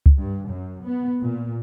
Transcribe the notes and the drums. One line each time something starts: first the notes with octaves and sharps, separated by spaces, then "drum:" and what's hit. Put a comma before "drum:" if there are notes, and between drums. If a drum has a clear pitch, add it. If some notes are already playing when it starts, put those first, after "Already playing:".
drum: kick C#2
G2
F#2
B3
A#2